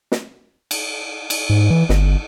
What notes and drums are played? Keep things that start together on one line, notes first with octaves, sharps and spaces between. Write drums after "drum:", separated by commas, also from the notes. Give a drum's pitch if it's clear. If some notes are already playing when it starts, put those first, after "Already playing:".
drum: snare
drum: cymbal
drum: cymbal
G#2
E3
G1, drum: snare